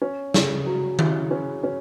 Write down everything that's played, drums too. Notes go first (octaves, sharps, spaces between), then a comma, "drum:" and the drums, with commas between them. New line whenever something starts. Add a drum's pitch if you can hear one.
C#4
C#3, drum: snare
F#3
E4, drum: tom D#3
C#4
C#4